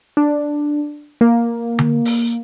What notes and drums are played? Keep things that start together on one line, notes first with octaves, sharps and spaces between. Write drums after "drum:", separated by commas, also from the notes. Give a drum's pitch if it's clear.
D4
A#3
drum: tom D3
drum: open hi-hat